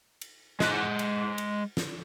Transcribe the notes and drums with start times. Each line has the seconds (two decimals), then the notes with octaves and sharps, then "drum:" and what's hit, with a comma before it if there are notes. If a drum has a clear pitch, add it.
0.21 drum: cymbal
0.60 G#3 F#5, drum: snare
0.99 drum: cymbal
1.38 drum: cymbal
1.77 drum: snare